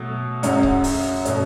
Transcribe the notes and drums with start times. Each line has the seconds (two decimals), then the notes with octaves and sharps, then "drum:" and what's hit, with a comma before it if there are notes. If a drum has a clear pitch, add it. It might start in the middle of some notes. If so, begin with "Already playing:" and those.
Already playing: B2 F#3 A3
0.43 F#2 C#3 F#3 C#4 F#4, drum: hi-hat
0.63 drum: kick C#1
0.84 drum: open hi-hat
1.25 B2 A3 C#4, drum: hi-hat